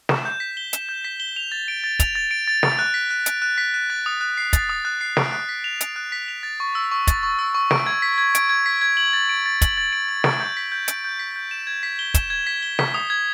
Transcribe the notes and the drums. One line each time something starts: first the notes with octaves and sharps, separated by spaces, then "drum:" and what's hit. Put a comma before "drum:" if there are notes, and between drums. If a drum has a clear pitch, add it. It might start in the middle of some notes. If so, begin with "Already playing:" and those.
E7, drum: snare
G6
B6
G7
E7, drum: hi-hat
G6
B6
G7
F7
A6
D7
A6
F7, drum: kick, hi-hat
A6
D7
A6
D7, drum: snare
F#6
B6
F#6
D7, drum: hi-hat
F#6
B6
F#6
A6
D#6
F#6
C7
A6, drum: kick, hi-hat
D#6
F#6
C7
D7, drum: snare
F#6
B6
F7
D7, drum: hi-hat
F#6
B6
F7
A6
C#6
E6
C#6
A6, drum: kick, hi-hat
C#6
E6
C#6
D7, drum: snare
G#6
B6
G#6
D7, drum: hi-hat
G#6
B6
G#6
F#7
A6
D7
A6
F#7, drum: kick, hi-hat
A6
D7
A6
D7, drum: snare
G6
B6
G6
D7, drum: hi-hat
G6
B6
G6
E7
G#6
B6
G7
E7, drum: kick, hi-hat
G#6
B6
G7
B6, drum: snare
D#6
G#6